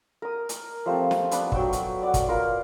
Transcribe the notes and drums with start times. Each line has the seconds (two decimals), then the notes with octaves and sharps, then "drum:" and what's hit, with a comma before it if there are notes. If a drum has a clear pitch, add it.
0.22 A#4 D#6
0.49 drum: hi-hat
0.86 F3 A3 C4 G4
1.11 drum: snare
1.31 B3 D4 B4, drum: hi-hat
1.52 F#3 G5 C#6 E6, drum: kick
1.73 drum: hi-hat
2.03 D5 F#5
2.14 drum: kick, hi-hat
2.28 F4 A#4 B4